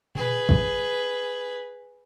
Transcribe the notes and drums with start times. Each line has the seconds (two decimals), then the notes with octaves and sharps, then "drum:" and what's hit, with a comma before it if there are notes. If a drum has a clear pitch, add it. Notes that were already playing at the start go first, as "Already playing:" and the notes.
0.15 G#4 B4, drum: tom A#2
0.49 drum: kick